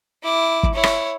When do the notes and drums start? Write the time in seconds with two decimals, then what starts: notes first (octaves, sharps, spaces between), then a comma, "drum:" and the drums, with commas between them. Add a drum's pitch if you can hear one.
0.23 E4 D6
0.63 drum: kick
0.73 E4 C#5
0.83 drum: rim click